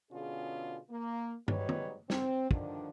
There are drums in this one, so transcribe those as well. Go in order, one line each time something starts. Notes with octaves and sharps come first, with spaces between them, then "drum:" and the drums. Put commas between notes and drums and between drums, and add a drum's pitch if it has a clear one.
B2 D3 C#4 F4 G#4
A#3
G#2 F#3 G3 B4 C#5 D#5, drum: tom
drum: tom
C4, drum: snare
G2 D3 D#3 F3 D4, drum: kick